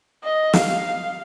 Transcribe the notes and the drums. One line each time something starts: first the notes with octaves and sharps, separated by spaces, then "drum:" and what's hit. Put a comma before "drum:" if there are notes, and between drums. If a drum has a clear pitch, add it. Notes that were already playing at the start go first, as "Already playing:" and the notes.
D#5
F5, drum: snare